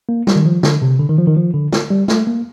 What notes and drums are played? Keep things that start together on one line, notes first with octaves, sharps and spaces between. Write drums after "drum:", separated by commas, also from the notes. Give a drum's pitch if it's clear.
A#3
G3, drum: snare
D#3
F3
D3, drum: snare
C3
D3
D#3
F3
D#3
F3
D3
drum: snare
G3
A3, drum: snare
A#3